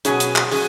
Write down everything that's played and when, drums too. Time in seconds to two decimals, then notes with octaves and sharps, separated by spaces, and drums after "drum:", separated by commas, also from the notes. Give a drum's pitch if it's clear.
0.05 B2 F#3 C#4 G#4, drum: hi-hat
0.20 drum: hi-hat
0.36 drum: clap
0.51 F#3 C#4 G#4, drum: open hi-hat